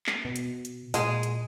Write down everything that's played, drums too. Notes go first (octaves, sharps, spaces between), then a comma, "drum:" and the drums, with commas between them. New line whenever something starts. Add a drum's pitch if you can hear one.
drum: clap
B2
drum: hi-hat
drum: hi-hat
A#2 G#3 G#4, drum: open hi-hat
drum: hi-hat